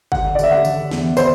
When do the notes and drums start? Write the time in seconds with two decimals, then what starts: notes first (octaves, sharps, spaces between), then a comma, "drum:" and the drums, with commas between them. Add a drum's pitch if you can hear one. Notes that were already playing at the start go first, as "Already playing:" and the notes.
0.12 D3 F#5, drum: kick
0.35 D5
0.39 D3 E5, drum: tambourine
0.51 F#5
0.65 D3, drum: tambourine
0.91 E2, drum: snare
1.17 D3 C5, drum: tambourine